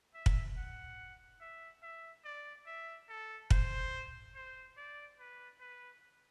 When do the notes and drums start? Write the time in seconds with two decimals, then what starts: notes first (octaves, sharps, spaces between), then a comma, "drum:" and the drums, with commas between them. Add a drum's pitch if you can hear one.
0.14 E5
0.26 drum: kick
0.57 F#5
1.41 E5
1.82 E5
2.24 D5
2.66 E5
3.09 A4
3.51 C5, drum: kick
4.35 C5
4.77 D5
5.19 B4
5.60 B4